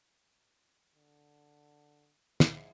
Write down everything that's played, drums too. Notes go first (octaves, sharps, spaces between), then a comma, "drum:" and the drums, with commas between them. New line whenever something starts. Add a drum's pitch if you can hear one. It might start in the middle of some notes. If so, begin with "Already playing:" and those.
D3
G#2 F3 E4, drum: snare